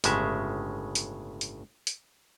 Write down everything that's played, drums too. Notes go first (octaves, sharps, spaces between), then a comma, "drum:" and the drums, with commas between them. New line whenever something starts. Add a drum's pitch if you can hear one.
G1 A2 C#3 G#3 E5, drum: hi-hat
drum: hi-hat
drum: hi-hat
drum: hi-hat